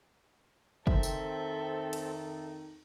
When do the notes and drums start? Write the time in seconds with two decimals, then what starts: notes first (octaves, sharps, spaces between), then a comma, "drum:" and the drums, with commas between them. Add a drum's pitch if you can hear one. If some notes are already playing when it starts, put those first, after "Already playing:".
0.87 F2 D#3 C4 D#4 A4 E5, drum: kick
1.03 drum: tambourine
1.93 drum: cymbal